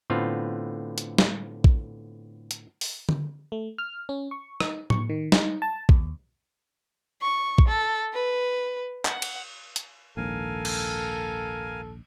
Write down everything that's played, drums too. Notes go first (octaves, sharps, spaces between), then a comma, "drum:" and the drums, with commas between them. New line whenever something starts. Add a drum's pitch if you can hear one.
A2 D3 B3 C4 F4 F5
drum: hi-hat
drum: snare
drum: kick A#1
drum: hi-hat
drum: open hi-hat
drum: tom D3
A3
F6
C#4
C#6
D#4, drum: rim click
C#6, drum: tom A2
D#3
D#4, drum: snare
A5
D#2, drum: kick A#1
C#6
drum: kick A#1
A4
B4
F#5, drum: clap
drum: cymbal
drum: hi-hat
A#1 D#2 G#2 A4 A#4 F5 G#5
drum: cymbal